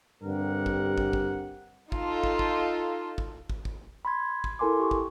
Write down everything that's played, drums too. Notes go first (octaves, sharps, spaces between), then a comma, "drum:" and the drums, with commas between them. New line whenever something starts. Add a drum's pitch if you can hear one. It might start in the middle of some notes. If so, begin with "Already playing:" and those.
G2 D3 C4 G4 A#4 F#5
drum: kick
drum: kick
drum: kick
D#4 F4 A4, drum: kick
drum: kick
drum: kick
drum: kick
drum: kick
drum: kick
B5 C6 G#6
drum: kick
E4 A4 A#4 G#5 C6 D6
G4 C#6
drum: kick